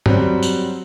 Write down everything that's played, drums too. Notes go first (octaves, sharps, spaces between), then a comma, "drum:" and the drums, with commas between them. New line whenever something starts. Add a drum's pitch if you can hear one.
F#3 G3 C4, drum: tom G2
drum: tambourine